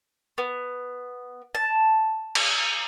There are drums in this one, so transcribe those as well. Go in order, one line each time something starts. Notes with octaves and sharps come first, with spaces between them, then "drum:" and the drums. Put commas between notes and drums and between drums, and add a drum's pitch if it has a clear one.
B3
A5
drum: cymbal